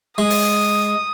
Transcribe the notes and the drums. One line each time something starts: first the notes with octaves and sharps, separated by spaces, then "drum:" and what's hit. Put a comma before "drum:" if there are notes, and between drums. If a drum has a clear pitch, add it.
G#3 D#6
drum: open hi-hat